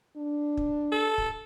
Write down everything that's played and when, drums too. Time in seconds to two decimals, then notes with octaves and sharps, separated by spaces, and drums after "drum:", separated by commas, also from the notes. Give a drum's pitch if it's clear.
0.17 D4
0.57 drum: kick
0.92 A4
1.18 drum: kick